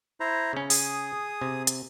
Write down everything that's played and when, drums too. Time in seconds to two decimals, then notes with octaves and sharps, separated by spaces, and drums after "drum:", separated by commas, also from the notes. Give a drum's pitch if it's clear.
0.20 E4 C5 A#5
0.53 C#3 C#4
0.70 G#4 D#6, drum: open hi-hat
1.42 C3
1.67 drum: hi-hat